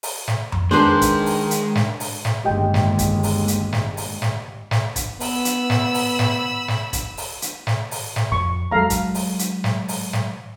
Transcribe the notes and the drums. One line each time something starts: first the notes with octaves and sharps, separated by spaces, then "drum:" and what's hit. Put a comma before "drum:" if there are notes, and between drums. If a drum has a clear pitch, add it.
drum: open hi-hat
drum: snare
drum: tom F2
D#3 G#3 D4 G#4 B4 C5
drum: kick, hi-hat
drum: open hi-hat
drum: hi-hat
drum: snare
drum: open hi-hat
drum: snare
G1 D#2 G#3 G4 D#5 G5
drum: snare
drum: kick, hi-hat
drum: open hi-hat
drum: hi-hat
drum: snare
drum: open hi-hat
drum: snare
drum: snare
drum: kick, hi-hat
B3 B5 E6, drum: open hi-hat
drum: hi-hat
drum: snare
drum: open hi-hat
drum: snare
drum: snare
drum: kick, hi-hat
drum: open hi-hat
drum: hi-hat
drum: snare
drum: open hi-hat
drum: snare
F2 C#6
F#3 G#3 A4 F5 A#5
drum: kick, hi-hat
drum: open hi-hat
drum: hi-hat
drum: snare
drum: open hi-hat
drum: snare